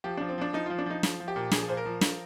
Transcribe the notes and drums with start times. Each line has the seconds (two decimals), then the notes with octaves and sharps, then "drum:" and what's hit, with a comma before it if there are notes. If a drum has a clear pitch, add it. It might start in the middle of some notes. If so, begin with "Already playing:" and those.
0.04 F3 G4
0.17 F3 D4
0.29 C4
0.38 F3 D4
0.53 F3 D#4
0.66 F3 F4
0.78 D4
0.86 F3 D#4
1.03 F3, drum: snare
1.20 F3
1.28 G4
1.36 A#2
1.51 F3 G#4, drum: snare
1.68 A#2 C5
1.77 A#4
1.85 F3
2.01 F3, drum: snare